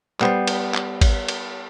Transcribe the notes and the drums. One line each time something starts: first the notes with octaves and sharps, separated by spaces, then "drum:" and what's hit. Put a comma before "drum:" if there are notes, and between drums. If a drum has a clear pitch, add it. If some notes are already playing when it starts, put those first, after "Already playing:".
G3 B3 C5, drum: clap
drum: cymbal
drum: clap
drum: kick G#1, cymbal
drum: cymbal